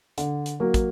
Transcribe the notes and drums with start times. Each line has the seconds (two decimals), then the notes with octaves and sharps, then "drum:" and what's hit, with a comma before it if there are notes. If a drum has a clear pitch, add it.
0.18 D3, drum: hi-hat
0.46 drum: hi-hat
0.60 F#3 A#3
0.74 drum: kick, hi-hat